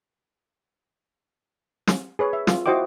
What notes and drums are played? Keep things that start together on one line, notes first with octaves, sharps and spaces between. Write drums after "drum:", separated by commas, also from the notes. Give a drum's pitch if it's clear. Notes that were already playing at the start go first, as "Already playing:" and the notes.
drum: snare
G#4 B4 C#5
E5
F4, drum: snare
E4 F#4 C5 D#5 G5 D6